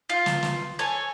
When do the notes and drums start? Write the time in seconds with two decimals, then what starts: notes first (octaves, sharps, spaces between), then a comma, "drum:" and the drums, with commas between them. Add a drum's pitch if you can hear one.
0.09 F4
0.26 drum: snare
0.43 drum: snare
0.79 A4 C#5 G#5